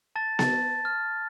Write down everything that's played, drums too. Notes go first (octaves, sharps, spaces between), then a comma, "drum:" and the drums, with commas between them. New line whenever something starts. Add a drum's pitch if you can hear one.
A5 A6
A5 A6, drum: snare B3
F6